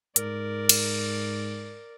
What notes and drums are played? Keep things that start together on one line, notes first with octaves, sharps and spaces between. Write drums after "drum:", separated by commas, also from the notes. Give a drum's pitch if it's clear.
G#2 A#4 D5, drum: hi-hat
drum: cymbal